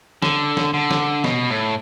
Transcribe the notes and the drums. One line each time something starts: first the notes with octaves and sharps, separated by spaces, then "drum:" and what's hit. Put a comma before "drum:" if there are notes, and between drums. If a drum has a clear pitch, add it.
D3, drum: snare
drum: snare
D3
drum: snare
B2, drum: snare
A2